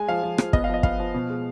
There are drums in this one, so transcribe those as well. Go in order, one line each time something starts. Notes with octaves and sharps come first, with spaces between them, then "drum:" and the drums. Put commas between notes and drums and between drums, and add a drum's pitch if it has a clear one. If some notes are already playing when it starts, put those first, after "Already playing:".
Already playing: G#3 G#5
F3 F5
F3
F3, drum: rim click
B3 D#5, drum: kick
F5
F3 D#5
B3 F5, drum: kick
F3
B2
G#3